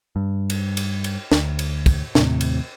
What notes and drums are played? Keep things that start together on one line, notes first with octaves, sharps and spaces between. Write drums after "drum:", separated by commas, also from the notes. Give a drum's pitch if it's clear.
G2
drum: cymbal
drum: cymbal
drum: cymbal
D2, drum: snare
drum: cymbal
drum: kick, cymbal
D#2 A2 C3, drum: snare
drum: cymbal